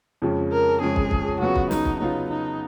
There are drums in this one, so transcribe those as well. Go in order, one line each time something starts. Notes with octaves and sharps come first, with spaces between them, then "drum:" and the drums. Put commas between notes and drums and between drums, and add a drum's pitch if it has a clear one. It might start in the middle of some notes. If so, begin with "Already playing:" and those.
F2 C#3 F3 G#3 C#4
A#4
F2 C#3 F3 G#3 C#4 G#4
drum: kick
drum: kick
C#3 F#3 B3 F4 F#4
drum: kick
D#4, drum: snare
drum: kick
C#3 F#3 B3 D#4 F4
D#4